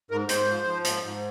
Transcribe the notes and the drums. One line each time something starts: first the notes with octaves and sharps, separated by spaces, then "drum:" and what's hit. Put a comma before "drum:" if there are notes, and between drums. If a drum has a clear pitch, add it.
G#2 A#4
G#2 C5, drum: hi-hat
F3
F3
G#2, drum: hi-hat
G#2